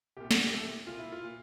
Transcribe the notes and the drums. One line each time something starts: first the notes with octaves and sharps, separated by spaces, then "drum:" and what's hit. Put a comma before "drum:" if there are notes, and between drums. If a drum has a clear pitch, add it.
C2 A#2 G4
drum: snare
G4
C2 A#2 A4
C2 A#2 F4
E4
F4
A#2